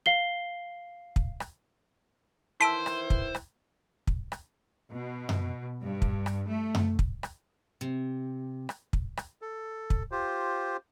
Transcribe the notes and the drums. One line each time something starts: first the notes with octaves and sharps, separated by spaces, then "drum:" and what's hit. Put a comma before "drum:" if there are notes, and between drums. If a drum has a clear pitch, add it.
F5 C7 G7
drum: kick
drum: rim click
D#3 E3 E4 C5 A5 E6 B6 D7
drum: rim click
drum: kick
drum: rim click
drum: kick
drum: rim click
B2
drum: tom F#2
G2
drum: kick
drum: rim click
A3
drum: tom F#2
drum: kick
drum: rim click
C3
drum: rim click
drum: kick
drum: rim click
A4
drum: kick
F4 G4 C5